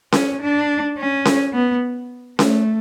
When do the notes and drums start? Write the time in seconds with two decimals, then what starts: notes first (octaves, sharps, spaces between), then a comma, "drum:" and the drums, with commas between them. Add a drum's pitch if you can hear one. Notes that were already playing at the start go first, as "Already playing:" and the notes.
0.12 C#4, drum: snare C#4
0.41 D4
0.98 C#4
1.25 drum: snare C#4
1.54 B3
2.39 A3, drum: snare C#4